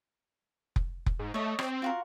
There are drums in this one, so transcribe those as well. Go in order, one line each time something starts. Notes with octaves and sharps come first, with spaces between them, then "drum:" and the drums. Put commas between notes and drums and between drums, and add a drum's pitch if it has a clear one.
drum: kick F1
drum: kick F1
G#2
A3 C#5 D#5
C4, drum: rim click
F4 F#4 A#4